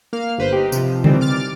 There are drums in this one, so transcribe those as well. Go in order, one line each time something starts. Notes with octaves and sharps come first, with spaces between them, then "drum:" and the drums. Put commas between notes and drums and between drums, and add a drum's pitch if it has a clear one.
A#3 F5 F6
G1 B4 C5
D#4 G4
C3 F3, drum: tambourine
D#3 E3 G3 C4, drum: tom C#3
D6 F6 A6